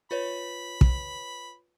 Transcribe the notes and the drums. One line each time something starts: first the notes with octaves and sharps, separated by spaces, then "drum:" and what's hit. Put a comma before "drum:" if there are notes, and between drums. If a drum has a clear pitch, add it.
F4 B4 C#5 B5
drum: kick